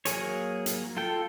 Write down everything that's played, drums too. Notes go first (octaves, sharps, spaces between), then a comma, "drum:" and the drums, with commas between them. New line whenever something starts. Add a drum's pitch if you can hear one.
F#3 A#3 G#4 C#5, drum: hi-hat
drum: hi-hat
F4 A4 G5